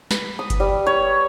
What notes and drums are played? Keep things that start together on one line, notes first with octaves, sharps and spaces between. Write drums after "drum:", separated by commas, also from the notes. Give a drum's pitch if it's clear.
B4, drum: snare
D#6
drum: kick F#1, hi-hat
G3
C#5